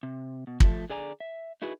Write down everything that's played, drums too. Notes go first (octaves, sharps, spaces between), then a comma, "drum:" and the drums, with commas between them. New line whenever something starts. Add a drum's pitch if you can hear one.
C3
B2
F3 A3, drum: kick
D3 G#4 D5 G#5 A#5
E5
D#4 E4 F#4 G#4 B4